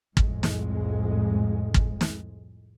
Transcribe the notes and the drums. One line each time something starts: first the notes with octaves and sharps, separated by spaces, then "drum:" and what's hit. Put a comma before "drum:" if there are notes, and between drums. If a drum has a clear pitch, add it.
C2 F2 A2 G#3, drum: kick
drum: snare
drum: kick
drum: snare